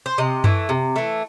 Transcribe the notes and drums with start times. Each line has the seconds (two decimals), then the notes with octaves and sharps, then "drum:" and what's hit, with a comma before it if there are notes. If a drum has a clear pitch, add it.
0.06 C5
0.18 C3 D#5
0.44 E3 A3, drum: tom F#2
0.69 C3
0.96 E3 A3